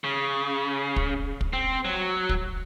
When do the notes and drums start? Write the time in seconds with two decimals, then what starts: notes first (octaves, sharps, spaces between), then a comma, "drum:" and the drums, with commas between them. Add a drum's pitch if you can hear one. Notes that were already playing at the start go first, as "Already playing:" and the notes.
0.04 C#3
0.96 drum: kick
1.41 drum: kick
1.53 C4
1.85 F#3
2.29 drum: kick